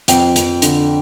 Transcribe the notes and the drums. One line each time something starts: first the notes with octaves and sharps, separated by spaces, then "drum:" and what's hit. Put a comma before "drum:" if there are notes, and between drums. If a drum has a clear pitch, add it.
F2 G5, drum: hi-hat
F2, drum: hi-hat
D3, drum: hi-hat